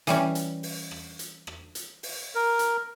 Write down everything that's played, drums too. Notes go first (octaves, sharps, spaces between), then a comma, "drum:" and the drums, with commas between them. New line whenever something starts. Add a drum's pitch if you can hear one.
E3 G3 C#4, drum: hi-hat
drum: hi-hat
drum: open hi-hat
drum: rim click
drum: hi-hat
drum: rim click
drum: hi-hat
drum: open hi-hat
A#4
drum: hi-hat